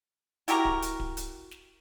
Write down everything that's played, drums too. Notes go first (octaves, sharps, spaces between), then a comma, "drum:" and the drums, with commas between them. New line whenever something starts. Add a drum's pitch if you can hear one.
E4 F#4 G4 A#4, drum: hi-hat
drum: kick D1
drum: hi-hat
drum: kick D1
drum: hi-hat
drum: snare